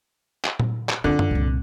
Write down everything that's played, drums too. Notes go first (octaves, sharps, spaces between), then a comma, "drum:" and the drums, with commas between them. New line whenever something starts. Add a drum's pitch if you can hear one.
drum: clap
drum: tom A#2
drum: clap
F#2 D3 F4
drum: tom F#2
C2 A#2